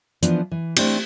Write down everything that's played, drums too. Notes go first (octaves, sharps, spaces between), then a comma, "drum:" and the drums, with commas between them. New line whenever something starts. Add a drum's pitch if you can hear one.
E3 F3 B3 D4, drum: hi-hat
E3
A3 C4 D4 E4 G4, drum: cymbal